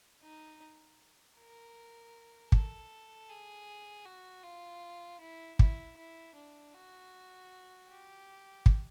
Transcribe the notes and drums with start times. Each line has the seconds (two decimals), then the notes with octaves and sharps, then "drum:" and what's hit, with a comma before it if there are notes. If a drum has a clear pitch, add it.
0.22 D#4
1.37 A#4
2.52 A4, drum: kick
3.29 G#4
4.06 F#4
4.44 F4
5.20 E4
5.59 E4, drum: kick
5.97 E4
6.35 D4
6.74 F#4
7.89 G4
8.66 drum: kick